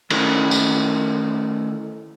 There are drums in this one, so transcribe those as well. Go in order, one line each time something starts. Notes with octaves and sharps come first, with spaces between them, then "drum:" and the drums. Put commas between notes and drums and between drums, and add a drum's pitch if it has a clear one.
D#3 A3 C#4 D#4 E4 A#4, drum: cymbal
drum: tambourine